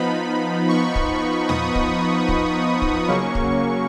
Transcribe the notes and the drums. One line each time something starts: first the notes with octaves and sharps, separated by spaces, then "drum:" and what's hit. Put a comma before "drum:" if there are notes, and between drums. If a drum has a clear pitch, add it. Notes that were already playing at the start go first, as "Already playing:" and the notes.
Already playing: F3 B3 D#4 B5
C#6
drum: kick
D#6, drum: tom
drum: kick
drum: kick
drum: kick
C#3 F#3 A#3 C#4 C#6
drum: kick